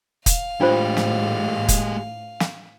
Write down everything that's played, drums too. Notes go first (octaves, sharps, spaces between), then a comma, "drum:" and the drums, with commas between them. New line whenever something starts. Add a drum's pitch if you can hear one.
F5, drum: kick, hi-hat
A2 G#3 D4 F4 G4 C5
drum: snare
drum: kick, hi-hat
drum: snare